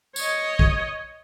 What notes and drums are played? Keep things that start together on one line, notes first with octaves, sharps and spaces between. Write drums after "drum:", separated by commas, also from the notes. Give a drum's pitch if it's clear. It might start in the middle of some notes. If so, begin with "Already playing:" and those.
C#5 D#5, drum: tambourine
drum: kick